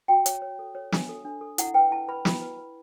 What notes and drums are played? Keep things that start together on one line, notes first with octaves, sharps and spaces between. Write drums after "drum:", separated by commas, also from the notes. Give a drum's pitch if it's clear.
F#4 G5
C#5, drum: hi-hat
C#5
A4
C#5
D4, drum: snare
A4
D4
A4
E4 F#5, drum: hi-hat
B4 G5
E4 A5
B4 B5
E4 B5, drum: snare
B4
B4